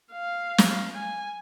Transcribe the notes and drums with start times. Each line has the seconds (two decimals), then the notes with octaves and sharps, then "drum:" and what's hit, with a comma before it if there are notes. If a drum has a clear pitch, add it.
0.12 F5
0.58 drum: snare
0.94 G#5